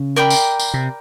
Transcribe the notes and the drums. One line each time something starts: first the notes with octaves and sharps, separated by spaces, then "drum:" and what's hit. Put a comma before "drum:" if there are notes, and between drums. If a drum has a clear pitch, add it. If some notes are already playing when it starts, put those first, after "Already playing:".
Already playing: C#3
A#4 D5 G5 B5
drum: tambourine
drum: tambourine
C3